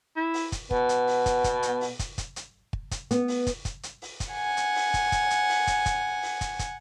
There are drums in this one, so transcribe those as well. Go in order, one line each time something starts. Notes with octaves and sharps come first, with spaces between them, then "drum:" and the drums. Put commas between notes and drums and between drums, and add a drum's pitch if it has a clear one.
E4
drum: open hi-hat
drum: kick, hi-hat
B2 B3, drum: kick
drum: hi-hat
drum: open hi-hat
drum: kick, hi-hat
drum: kick, hi-hat
drum: hi-hat
drum: open hi-hat
drum: kick, hi-hat
drum: kick, hi-hat
drum: hi-hat
drum: kick
drum: kick, hi-hat
B3, drum: hi-hat
drum: open hi-hat
drum: kick, hi-hat
drum: kick, hi-hat
drum: hi-hat
drum: open hi-hat
drum: kick, hi-hat
F#5 G#5
drum: hi-hat
drum: open hi-hat
drum: kick, hi-hat
drum: kick, hi-hat
drum: hi-hat
drum: open hi-hat
drum: kick, hi-hat
drum: kick, hi-hat
drum: open hi-hat
drum: kick, hi-hat
drum: kick, hi-hat